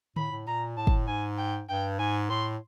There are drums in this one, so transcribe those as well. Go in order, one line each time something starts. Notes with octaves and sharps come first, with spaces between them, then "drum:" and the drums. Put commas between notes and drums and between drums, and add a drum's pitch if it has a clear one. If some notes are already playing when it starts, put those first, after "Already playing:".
A2 B5, drum: tom D3
A2
A#2 A#5
A2 A5
drum: kick
G#2 G#5
G5
G2 G5
G#2 G#5
A2 C6